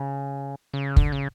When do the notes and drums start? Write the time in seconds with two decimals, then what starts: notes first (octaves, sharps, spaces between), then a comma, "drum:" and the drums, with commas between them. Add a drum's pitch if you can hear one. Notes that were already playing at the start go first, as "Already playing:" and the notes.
Already playing: C#3
0.73 C#3
0.96 D3, drum: kick
1.12 C#3